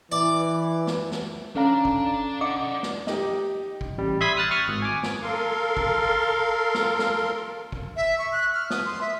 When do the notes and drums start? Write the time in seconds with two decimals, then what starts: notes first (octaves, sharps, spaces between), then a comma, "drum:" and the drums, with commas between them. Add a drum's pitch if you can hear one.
0.12 E3 D5 D6
0.87 drum: snare
1.12 drum: snare
1.56 C#4 D4 A4 D5 F5 A#5
1.85 drum: kick
2.41 D5 D#5 F#5 D6
2.83 drum: snare
3.07 D#4 G4, drum: snare
3.81 drum: kick
3.97 A1 G3
4.21 E5 B5 C6 D#6 G#6 B6
4.37 D#6 F6 F#6 A6
4.51 C#6 D#6 F6
4.68 G#1
4.82 G#5 D6
5.03 drum: snare
5.23 A4 A#4 F5 C6
5.77 drum: kick
6.75 drum: snare
6.99 drum: snare
7.72 drum: kick
7.96 E5
8.19 C#6
8.32 F#6
8.54 F6
8.70 D#6, drum: snare
8.86 C6
9.01 E5